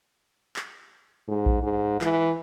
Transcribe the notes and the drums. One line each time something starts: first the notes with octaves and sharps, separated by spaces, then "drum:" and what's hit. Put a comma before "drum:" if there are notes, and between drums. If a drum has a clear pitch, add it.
drum: clap
G#2
drum: kick A#1
G#2
E3, drum: clap